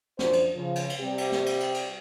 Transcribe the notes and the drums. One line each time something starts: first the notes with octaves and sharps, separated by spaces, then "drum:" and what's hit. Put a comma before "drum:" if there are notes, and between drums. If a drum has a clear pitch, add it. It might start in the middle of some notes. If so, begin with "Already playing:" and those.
F#2 F3 D4 C5, drum: snare
drum: cymbal
C#3 F3
drum: cymbal
drum: cymbal
C3 G3 G4
drum: cymbal
drum: snare
drum: cymbal
drum: cymbal
drum: cymbal